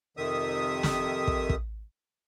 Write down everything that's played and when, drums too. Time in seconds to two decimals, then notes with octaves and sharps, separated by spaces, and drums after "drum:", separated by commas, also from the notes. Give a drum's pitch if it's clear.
0.17 F2 C3 D#3 E5 D#6
0.83 drum: snare
1.27 drum: kick
1.50 drum: kick